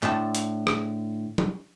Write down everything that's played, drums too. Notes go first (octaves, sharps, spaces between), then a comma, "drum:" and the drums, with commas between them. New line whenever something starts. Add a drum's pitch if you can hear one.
A2 D3 A5, drum: clap
drum: hi-hat
drum: rim click
drum: tom